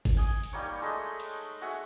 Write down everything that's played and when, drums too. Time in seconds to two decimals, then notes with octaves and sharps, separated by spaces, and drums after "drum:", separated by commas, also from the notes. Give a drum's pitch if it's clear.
0.05 drum: kick G1, cymbal
0.17 G#5 D#6
0.43 drum: cymbal
0.53 G3 A#3 D#4 C#5
0.82 G#3 A3 D#5
1.20 drum: cymbal
1.61 F#4 G#4 E5 F#5